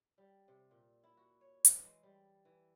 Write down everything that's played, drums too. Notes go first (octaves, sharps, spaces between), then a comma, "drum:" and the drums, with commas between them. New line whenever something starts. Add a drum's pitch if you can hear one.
G3
C3
A#2
E4
F#4
C#5
E3, drum: hi-hat
G#3
G3
E3